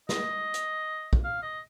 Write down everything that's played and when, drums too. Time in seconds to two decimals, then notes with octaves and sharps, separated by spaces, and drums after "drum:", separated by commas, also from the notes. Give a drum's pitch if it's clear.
0.09 D#5, drum: snare
0.54 drum: hi-hat
1.13 drum: kick
1.24 F5
1.42 D#5